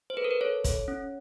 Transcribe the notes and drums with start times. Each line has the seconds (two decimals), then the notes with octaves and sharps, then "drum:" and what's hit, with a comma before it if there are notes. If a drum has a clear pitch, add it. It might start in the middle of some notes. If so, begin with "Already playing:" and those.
0.10 C5
0.17 A4 B4
0.24 A#4
0.31 B4
0.41 A4 C#5
0.64 A4, drum: kick, hi-hat
0.88 C#4